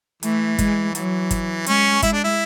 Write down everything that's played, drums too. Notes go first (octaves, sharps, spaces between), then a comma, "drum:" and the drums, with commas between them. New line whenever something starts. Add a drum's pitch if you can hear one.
E3 A3, drum: hi-hat
G#3, drum: kick G1, hi-hat
E3 F#3, drum: hi-hat
drum: kick G1, hi-hat
G#3 C#4, drum: hi-hat
G#3 E4, drum: kick G1, hi-hat
D4
E4